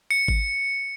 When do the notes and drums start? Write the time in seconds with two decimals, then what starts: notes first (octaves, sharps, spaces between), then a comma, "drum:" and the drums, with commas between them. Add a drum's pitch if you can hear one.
0.11 C#7
0.28 drum: kick G#1